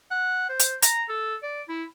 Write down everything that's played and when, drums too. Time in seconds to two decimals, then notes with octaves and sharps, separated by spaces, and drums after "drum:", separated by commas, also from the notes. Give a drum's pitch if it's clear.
0.11 F#5
0.49 C5
0.60 drum: hi-hat
0.83 A#5, drum: hi-hat
1.09 A4
1.43 D5
1.69 E4